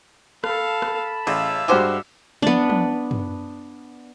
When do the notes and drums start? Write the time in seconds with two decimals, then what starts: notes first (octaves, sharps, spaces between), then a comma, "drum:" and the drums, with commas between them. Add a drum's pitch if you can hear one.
0.44 A4 F5 A5 B5, drum: rim click
0.82 drum: rim click
1.27 A1 C#3 E5 F5, drum: cymbal
1.68 G2 G#3 F#4 G4 C5 D6
2.42 B3 D4, drum: tom
2.70 drum: tom
3.11 drum: tom